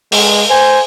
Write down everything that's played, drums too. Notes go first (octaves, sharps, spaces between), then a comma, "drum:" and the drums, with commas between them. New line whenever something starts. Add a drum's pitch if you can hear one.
G#3, drum: open hi-hat
C5 G#5